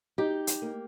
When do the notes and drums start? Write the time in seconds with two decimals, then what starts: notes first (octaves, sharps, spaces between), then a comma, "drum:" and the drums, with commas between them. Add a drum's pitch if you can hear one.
0.18 D#4 G4
0.47 drum: hi-hat
0.62 A#3